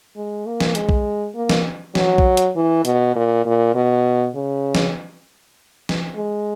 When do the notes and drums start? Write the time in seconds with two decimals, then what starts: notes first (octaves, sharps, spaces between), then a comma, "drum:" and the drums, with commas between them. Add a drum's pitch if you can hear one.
0.16 G#3
0.46 A#3
0.60 drum: snare
0.75 G#3, drum: hi-hat
0.89 drum: kick
1.35 A#3
1.49 drum: snare
1.95 F#3, drum: snare
2.18 drum: kick
2.37 drum: hi-hat
2.56 E3
2.85 B2, drum: hi-hat
3.15 A#2
3.45 A#2
3.75 B2
4.35 C#3
4.75 drum: snare
5.89 drum: snare
6.16 G#3